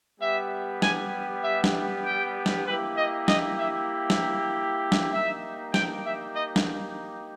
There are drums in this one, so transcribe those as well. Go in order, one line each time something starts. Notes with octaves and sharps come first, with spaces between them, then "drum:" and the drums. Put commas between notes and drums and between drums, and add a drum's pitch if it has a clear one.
G3 B3 G4 E5
G#5, drum: snare
E5
drum: snare
G5
drum: snare
A#3 E4 G4 B4
D#5
D#5, drum: snare
E5
drum: snare
drum: snare
A#3 D#4 G4 E5
G5, drum: snare
E5
D#5
drum: snare